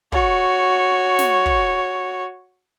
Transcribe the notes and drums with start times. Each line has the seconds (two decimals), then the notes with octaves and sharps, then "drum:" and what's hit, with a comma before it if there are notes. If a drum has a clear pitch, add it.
0.12 F#4 C#5, drum: kick
1.19 drum: snare
1.46 drum: kick